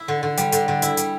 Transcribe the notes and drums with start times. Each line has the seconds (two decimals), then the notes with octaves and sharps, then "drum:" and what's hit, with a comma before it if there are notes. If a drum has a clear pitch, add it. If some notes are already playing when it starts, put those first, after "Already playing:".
Already playing: E4
0.08 D3
0.23 D3
0.37 G3, drum: hi-hat
0.52 D3, drum: hi-hat
0.68 D3
0.82 E4, drum: hi-hat
0.97 G3, drum: hi-hat